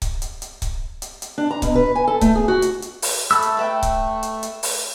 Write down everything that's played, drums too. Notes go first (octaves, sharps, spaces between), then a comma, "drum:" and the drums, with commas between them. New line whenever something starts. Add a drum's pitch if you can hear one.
drum: kick C#1, hi-hat
drum: hi-hat
drum: hi-hat
drum: kick C#1, hi-hat
drum: hi-hat
drum: hi-hat
D4
A#5
B2, drum: kick C#1, hi-hat
B4
G#5
A4
A3, drum: kick C#1, hi-hat
G#4
F#4
drum: hi-hat
drum: hi-hat
drum: open hi-hat
A3 A4 B5 E6
drum: hi-hat
B4 E5 G5
drum: kick C#1, hi-hat
drum: hi-hat
drum: hi-hat
drum: open hi-hat